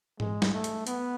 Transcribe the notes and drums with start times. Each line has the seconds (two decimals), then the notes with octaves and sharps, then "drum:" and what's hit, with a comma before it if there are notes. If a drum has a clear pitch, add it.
0.20 G#3, drum: tom G#2
0.42 drum: snare
0.53 A3
0.64 drum: hi-hat
0.87 B3, drum: hi-hat